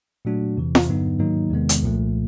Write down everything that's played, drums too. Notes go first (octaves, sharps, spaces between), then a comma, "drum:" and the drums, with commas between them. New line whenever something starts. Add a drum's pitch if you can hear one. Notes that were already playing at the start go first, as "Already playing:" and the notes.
A#2 F#3 A3 D4 F#4
E2 C3 E3
drum: snare
G2 D3 F#3 B3 D#4
G#2 D#3 F#3 A#3 D#4
E2 C3 D#3 G#3 B3
drum: hi-hat
C2 A#2 F3 A3